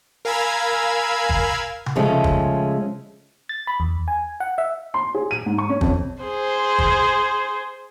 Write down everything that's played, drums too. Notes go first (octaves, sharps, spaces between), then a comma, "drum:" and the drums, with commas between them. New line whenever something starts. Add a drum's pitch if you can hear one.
A#4 F5 G#5 B5 E6 G#6
drum: kick
drum: tom C3
C#3 F3 G#3 A3 C#4
drum: kick
A6
B5
E2
G#5
F#5
E5
C6
G#4
D#7
G#2
C#6
C#4
F2, drum: kick
G#4 C5
drum: kick